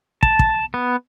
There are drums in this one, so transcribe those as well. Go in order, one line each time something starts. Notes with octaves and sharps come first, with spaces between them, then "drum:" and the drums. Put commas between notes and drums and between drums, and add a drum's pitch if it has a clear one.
A5, drum: kick
drum: kick
B3